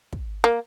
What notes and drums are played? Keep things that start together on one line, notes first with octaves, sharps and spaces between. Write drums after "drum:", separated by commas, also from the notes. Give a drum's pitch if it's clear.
drum: kick
A#3